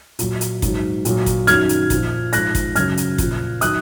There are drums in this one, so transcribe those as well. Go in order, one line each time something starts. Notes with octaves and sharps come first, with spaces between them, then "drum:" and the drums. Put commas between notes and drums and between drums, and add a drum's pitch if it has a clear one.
A#2 F#3, drum: hi-hat
drum: hi-hat
G#2 F#3, drum: kick, hi-hat
A#2 F#3, drum: hi-hat
drum: kick, hi-hat
F#2 D#3 F#3 F6 G#6, drum: hi-hat
drum: hi-hat
A#2 F3, drum: kick, hi-hat
G#2 F3 F#6 A#6, drum: hi-hat
drum: kick, hi-hat
F#2 C#3 F#3 F6 G#6, drum: hi-hat
drum: hi-hat
F3, drum: kick, hi-hat
A#2
D#3 F#3 D#6 F#6, drum: hi-hat